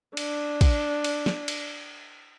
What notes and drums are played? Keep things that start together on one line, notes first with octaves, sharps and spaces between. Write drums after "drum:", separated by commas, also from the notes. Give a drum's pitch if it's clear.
D4, drum: cymbal
drum: kick, cymbal
drum: cymbal
drum: snare
drum: cymbal